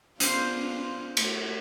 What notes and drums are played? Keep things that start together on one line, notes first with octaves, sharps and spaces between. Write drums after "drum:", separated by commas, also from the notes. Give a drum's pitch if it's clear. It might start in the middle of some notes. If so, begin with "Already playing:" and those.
B3 D4 F4 C5 F5, drum: hi-hat
A3 F#4, drum: cymbal